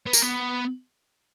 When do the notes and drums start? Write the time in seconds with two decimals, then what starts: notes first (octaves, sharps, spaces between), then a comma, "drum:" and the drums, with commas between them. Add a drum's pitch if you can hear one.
0.06 B3
0.13 A#3, drum: tambourine
0.22 B3